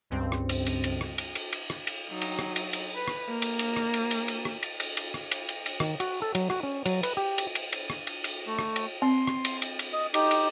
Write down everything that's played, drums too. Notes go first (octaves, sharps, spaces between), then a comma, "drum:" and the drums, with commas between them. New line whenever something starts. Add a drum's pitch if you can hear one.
C#2 G2 C4
drum: rim click
drum: cymbal
drum: cymbal
drum: cymbal
drum: rim click
drum: cymbal
drum: cymbal
drum: cymbal
drum: rim click
drum: cymbal
F#3 D#4
drum: cymbal
drum: rim click
drum: cymbal
drum: cymbal
B4
drum: rim click
A#3
drum: cymbal
drum: cymbal
drum: rim click
drum: cymbal
drum: cymbal
drum: cymbal
drum: rim click
drum: cymbal
drum: cymbal
drum: cymbal
drum: rim click
drum: cymbal
drum: cymbal
drum: cymbal
D#3, drum: rim click
F#4, drum: cymbal
A4
F#3, drum: cymbal
F#4, drum: rim click
C#4
F#3, drum: cymbal
B4, drum: cymbal
G4
drum: cymbal
drum: cymbal
drum: cymbal
drum: rim click
drum: cymbal
drum: cymbal
A3
drum: rim click
drum: cymbal
C4 C6
drum: rim click
drum: cymbal
drum: cymbal
drum: cymbal
D#5
D#4 G4, drum: cymbal
drum: cymbal